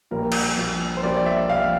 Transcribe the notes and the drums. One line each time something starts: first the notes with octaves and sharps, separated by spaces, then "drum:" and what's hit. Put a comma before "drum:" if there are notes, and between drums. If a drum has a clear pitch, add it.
A#1 A#2 G3 A#4
drum: cymbal
A#1 A#2 G3
C5
A#1 A#2 G3 D5
D5
E5
A#1 A#2 G3 F5